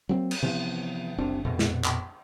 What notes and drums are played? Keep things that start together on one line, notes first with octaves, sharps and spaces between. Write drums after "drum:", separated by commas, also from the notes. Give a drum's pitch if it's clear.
F#3 A#3 C4
drum: cymbal
C3 E3 F3 B3
F#1 C2 C4 D4
A#1 F2 B2
drum: snare
drum: clap